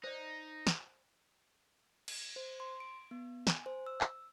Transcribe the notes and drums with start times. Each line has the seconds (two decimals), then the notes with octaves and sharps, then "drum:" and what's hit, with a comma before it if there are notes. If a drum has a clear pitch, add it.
0.04 D#4 C5 D5
0.67 drum: snare
2.08 drum: cymbal
2.36 C5
2.60 C6
2.80 D7
3.11 B3
3.47 G#5, drum: snare
3.66 C5
3.86 E6
4.01 drum: clap